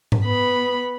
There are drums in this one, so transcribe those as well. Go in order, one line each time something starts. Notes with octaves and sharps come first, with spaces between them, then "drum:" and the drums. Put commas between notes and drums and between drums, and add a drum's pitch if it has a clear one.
drum: tom G#2
B3 B5